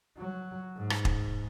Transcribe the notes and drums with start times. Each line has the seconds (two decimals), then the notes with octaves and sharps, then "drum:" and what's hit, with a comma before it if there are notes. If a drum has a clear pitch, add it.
0.17 F#3
0.77 G#2
0.90 drum: rim click
1.05 drum: kick